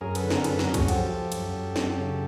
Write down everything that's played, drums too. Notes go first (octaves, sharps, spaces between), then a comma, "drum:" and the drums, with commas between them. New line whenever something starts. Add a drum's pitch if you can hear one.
F#2 G#4 A#4
A4 B4, drum: cymbal
D3
G#4 A#4, drum: snare
F#2 A4 B4, drum: cymbal
G#4 A#4, drum: snare
F#2
F#4 G#4, drum: kick, cymbal
F3 G4 A4, drum: cymbal
F3
F#2, drum: cymbal
F#2
F#2, drum: snare
C#3